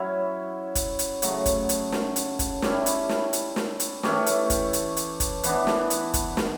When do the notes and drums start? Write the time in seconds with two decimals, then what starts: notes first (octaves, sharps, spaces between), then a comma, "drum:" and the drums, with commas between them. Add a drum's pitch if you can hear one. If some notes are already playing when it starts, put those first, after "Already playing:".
Already playing: F#3 C#4 E4
0.75 drum: kick, hi-hat
0.99 drum: hi-hat
1.22 C#3 F#3 A3, drum: hi-hat
1.46 drum: kick, hi-hat
1.69 drum: hi-hat
1.92 drum: snare
2.16 drum: hi-hat
2.39 drum: kick, hi-hat
2.62 G3 C#4 E4, drum: snare
2.86 drum: hi-hat
3.09 drum: snare
3.33 drum: hi-hat
3.56 drum: snare
3.80 drum: hi-hat
4.03 E3 A3 C#4 G4, drum: snare
4.26 drum: hi-hat
4.50 drum: kick, hi-hat
4.73 drum: hi-hat
4.97 drum: hi-hat
5.20 drum: kick, hi-hat
5.44 E3 B3 D4, drum: hi-hat
5.67 drum: snare
5.90 drum: hi-hat
6.14 drum: kick, hi-hat
6.37 drum: snare